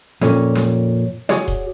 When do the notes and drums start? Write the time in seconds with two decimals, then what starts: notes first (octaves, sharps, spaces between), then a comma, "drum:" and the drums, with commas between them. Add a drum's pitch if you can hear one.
0.21 F2 A#2 C#4, drum: snare
0.55 drum: snare
1.29 F#4 G#4 C#5 D5, drum: snare
1.48 drum: kick D#1